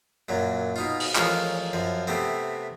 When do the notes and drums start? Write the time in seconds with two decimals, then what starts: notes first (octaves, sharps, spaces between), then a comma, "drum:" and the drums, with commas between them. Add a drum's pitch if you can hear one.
0.29 F#2 A#2 F#3
0.76 B2 D#4 F4
1.00 drum: open hi-hat
1.15 A1 F3 G#3 F4 A#4 C#5, drum: clap
1.73 F#2 F3
2.07 C3 A3 B3 C4